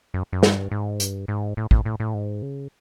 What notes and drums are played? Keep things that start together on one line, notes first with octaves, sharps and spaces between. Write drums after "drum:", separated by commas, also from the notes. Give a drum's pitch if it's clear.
F#2
F#2
G2, drum: snare
G#2
G2, drum: hi-hat
G#2
A2
A2, drum: kick
A2
A2
G#2
C#3